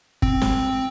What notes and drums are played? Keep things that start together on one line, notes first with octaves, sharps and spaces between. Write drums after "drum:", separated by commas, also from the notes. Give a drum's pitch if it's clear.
C4, drum: kick
drum: snare